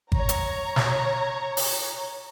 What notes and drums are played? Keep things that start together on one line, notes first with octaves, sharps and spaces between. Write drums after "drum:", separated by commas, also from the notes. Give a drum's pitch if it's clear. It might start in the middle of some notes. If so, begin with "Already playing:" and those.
C#5 A#5, drum: kick G#1
drum: hi-hat
drum: snare
drum: open hi-hat